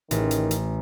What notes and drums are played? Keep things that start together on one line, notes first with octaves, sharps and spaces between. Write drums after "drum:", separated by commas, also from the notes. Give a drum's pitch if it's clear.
A1 D#3, drum: hi-hat
drum: hi-hat
drum: hi-hat